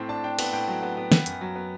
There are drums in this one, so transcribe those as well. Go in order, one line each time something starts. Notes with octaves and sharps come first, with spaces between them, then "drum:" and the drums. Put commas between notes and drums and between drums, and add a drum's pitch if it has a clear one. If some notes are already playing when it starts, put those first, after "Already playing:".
Already playing: A2 C4
D4 A5
D4 G5
B3 G5, drum: cymbal
A2 G5
F#3
B3
B3
B3, drum: snare
F#2, drum: hi-hat
F#3
B3